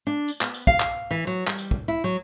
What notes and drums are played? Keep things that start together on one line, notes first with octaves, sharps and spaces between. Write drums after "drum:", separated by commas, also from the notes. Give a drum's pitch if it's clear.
D4
drum: tambourine
B3, drum: clap
drum: tambourine
F5, drum: kick
drum: clap
E3
F#3
G3, drum: clap
drum: tambourine
drum: kick
E4
F#3